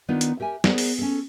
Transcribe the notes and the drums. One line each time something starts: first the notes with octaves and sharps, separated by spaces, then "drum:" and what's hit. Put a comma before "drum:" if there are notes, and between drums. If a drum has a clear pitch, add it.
D#3 B3 D4 D#4 F4
drum: hi-hat
G4 A#4 E5 G#5
B3 G#4 A#4 C5 D5, drum: snare
drum: open hi-hat
C#4 A4